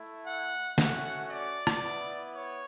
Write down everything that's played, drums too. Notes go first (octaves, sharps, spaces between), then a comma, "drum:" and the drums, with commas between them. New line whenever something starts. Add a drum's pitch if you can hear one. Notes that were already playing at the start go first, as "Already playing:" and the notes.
Already playing: A3 E4
F#5
A3 C#4 F#4 F#5, drum: snare
D5
drum: rim click
B3 E4
C#5